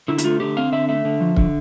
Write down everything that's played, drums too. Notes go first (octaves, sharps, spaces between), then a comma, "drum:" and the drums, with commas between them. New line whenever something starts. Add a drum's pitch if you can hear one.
D3 E4
E4, drum: hi-hat
A3 F4
D3 G4
C4 F5
D3 E5
A3 E5
D3
F3
D3, drum: kick C#1